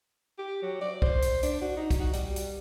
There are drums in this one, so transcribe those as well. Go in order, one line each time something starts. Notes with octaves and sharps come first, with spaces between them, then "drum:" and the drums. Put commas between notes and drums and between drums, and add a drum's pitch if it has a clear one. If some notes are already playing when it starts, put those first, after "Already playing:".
G4
F#3
D5
C5, drum: kick B1
drum: hi-hat
D4, drum: hi-hat
F#4
D#4
drum: kick B1, hi-hat
F#4
G3, drum: hi-hat
drum: hi-hat